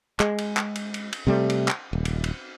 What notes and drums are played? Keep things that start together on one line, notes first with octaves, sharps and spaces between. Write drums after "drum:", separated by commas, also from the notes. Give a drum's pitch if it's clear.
G#3, drum: clap
drum: cymbal
drum: clap
drum: cymbal
drum: cymbal
drum: cymbal
C3 G3 A3
drum: cymbal
drum: clap
D#1
drum: cymbal
drum: cymbal